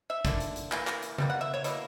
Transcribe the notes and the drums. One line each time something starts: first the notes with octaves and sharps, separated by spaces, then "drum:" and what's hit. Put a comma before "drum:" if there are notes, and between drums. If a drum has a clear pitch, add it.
E5
D3 A#3, drum: kick, hi-hat
drum: hi-hat
drum: hi-hat
E3 A#3, drum: clap
drum: clap
drum: hi-hat
B2 G3 A#3, drum: tom C#3
F#5
E5
C#5
B2 A#3 E4, drum: hi-hat